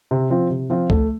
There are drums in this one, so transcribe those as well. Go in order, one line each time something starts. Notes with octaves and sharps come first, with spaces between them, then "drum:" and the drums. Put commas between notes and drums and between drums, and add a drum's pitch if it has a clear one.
C3
F3 C4 F4
C3
F3 C4 F4
A3, drum: kick C#2